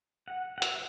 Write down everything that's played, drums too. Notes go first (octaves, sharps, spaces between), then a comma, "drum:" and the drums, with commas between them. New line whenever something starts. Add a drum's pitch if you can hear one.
F#5
F#5
E5, drum: hi-hat